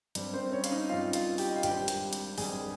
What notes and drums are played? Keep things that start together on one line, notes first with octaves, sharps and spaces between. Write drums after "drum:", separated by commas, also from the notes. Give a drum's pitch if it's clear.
G2 G3 C4, drum: hi-hat
C4 C5
C#4 C#5
F5, drum: hi-hat
D#4 D#5
G2 G3 C4 F4 F5
F4 F5, drum: hi-hat
G4 G5, drum: open hi-hat
D#5
F5
G#1 G2 G3 C4 G4 G5, drum: hi-hat
drum: hi-hat
drum: hi-hat
G#1 G2 G3 C4 G#4 G#5, drum: open hi-hat